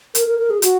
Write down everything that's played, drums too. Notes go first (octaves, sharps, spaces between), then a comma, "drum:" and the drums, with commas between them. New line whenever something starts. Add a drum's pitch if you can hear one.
A#4, drum: hi-hat
A#4
A#4
G#4
F#4, drum: hi-hat